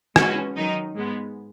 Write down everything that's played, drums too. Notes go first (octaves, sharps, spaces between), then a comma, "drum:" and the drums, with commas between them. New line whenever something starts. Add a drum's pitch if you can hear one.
G#3 C#4 F#4 B4, drum: rim click
D#3 F#3 D#4
G#2 G#3 B3